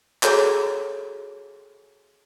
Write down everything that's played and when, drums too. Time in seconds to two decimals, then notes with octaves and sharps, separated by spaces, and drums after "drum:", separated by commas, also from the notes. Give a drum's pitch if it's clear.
0.23 F#4 G#4 A4 C#5 A#5, drum: clap